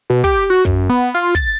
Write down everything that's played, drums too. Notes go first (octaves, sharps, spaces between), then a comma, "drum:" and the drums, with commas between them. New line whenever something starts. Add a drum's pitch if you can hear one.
B2
G4, drum: kick
F#4
F#2, drum: kick
B3
F4
A6, drum: kick